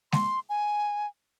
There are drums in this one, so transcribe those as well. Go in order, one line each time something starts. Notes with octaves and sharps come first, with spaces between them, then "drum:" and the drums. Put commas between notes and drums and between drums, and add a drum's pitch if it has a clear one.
C6, drum: snare G#3
G#5